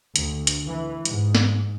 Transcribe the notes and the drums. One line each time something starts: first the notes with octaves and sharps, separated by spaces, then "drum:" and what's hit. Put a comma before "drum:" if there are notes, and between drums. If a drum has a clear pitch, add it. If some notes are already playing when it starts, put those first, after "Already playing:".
D2, drum: hi-hat
drum: hi-hat
E3
G#2, drum: hi-hat
drum: snare